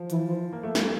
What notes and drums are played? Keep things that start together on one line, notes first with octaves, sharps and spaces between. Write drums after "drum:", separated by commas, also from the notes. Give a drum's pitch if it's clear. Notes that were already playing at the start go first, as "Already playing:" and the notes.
Already playing: F3
E3, drum: hi-hat
F3
A#3
A3
G3 A#3, drum: snare